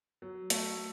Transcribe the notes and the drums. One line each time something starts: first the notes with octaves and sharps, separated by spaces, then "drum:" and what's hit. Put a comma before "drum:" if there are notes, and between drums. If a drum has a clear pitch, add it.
F#3
A3, drum: hi-hat